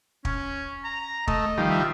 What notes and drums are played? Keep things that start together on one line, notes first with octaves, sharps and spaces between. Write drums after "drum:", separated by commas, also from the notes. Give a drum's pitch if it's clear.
C#4, drum: kick
A#5
A3 D#5, drum: kick
D#3 F3 G3
E5